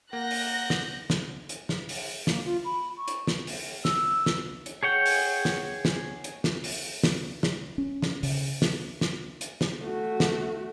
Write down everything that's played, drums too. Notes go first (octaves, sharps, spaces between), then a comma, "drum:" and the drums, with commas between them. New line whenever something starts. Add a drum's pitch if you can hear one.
A#3 F#5 F#6 G6 A#6
drum: open hi-hat
drum: snare
drum: snare
drum: hi-hat
drum: snare
drum: open hi-hat
A#3, drum: snare
F4
B5
C#6
drum: hi-hat
drum: snare
drum: open hi-hat
E6, drum: snare
drum: snare
drum: hi-hat
G#4 C#5 F#5 G5
drum: open hi-hat
drum: snare
drum: snare
drum: hi-hat
drum: snare
drum: open hi-hat
drum: snare
drum: snare
C#4
drum: snare
C#3, drum: open hi-hat
drum: snare
drum: snare
drum: hi-hat
drum: snare
A3 F#4
drum: snare